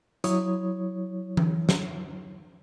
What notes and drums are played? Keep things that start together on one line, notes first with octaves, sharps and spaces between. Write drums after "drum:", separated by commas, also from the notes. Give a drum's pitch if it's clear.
F#3 E4 C#5 D#6, drum: hi-hat
drum: tom E3
drum: snare